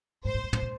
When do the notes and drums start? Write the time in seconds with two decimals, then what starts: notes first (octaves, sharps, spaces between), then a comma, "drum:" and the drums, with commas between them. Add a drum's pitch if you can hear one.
0.25 G#2 C5
0.34 A2
0.43 G2
0.53 G#2, drum: tom
0.62 A#2